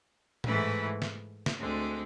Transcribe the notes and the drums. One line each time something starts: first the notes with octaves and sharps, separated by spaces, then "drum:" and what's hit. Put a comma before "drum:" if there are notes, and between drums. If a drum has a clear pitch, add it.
G#2 E3 A3 E4 B4, drum: tom A2
drum: snare
drum: snare
D2 D3 G#3 C4